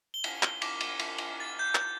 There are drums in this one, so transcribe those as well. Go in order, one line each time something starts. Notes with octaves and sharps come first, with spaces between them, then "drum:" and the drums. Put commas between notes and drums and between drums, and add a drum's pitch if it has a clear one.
G7
drum: cymbal
drum: clap
D6, drum: cymbal
drum: cymbal
drum: cymbal
drum: cymbal
A6
G6
drum: clap